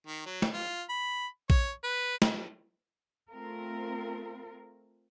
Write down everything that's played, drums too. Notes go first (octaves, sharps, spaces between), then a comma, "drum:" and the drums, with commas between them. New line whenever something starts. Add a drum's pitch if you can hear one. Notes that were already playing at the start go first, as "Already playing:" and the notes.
D#3
F#3
drum: snare
F4
B5
C#5, drum: kick A#1
B4
drum: snare
A3 C4 F4 A#4